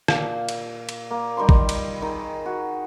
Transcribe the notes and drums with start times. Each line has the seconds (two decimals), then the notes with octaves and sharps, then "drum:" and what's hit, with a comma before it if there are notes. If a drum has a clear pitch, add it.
0.08 A#2 F5, drum: rim click
0.49 drum: cymbal
0.89 drum: cymbal
1.11 A#3
1.37 D#3 G3 B5 C6
1.49 drum: kick A1
1.69 drum: cymbal
2.02 D#3 G#4
2.46 F#4